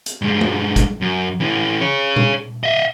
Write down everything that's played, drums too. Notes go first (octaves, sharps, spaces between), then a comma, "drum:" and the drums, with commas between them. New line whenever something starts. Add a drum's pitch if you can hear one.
drum: hi-hat
G2 G#3
drum: tom G#3
drum: kick, hi-hat
F#2
E3 C#4
G#4 C#5
drum: tom A#2
D#5 E5